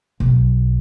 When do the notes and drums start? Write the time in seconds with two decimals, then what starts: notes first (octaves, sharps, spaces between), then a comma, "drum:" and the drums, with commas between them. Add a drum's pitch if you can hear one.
0.20 B1, drum: kick